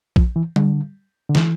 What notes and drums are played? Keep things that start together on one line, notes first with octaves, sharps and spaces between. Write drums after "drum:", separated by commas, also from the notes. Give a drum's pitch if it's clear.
F3, drum: kick A#1
E3
D3, drum: tom G3
D3
E3, drum: snare